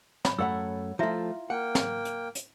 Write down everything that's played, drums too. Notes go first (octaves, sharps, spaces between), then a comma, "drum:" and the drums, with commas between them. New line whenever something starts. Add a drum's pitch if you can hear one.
C#5 B5, drum: snare
F#2 A3 A4 C#5 F#5 E6
F3 A3 E4 F4 E5
A#3 F#5 G5
drum: snare
drum: hi-hat
drum: hi-hat